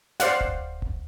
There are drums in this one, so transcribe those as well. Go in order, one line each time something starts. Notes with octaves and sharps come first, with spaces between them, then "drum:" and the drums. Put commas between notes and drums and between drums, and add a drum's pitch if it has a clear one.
C5 D5 F5 F#5, drum: snare
drum: kick D1
drum: kick D1